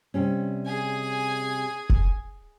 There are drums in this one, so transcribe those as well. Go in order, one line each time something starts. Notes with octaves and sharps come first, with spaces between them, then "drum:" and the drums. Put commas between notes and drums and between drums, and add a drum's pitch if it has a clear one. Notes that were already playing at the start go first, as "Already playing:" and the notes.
C3 G3 C#4
G#4 G#5
drum: kick F1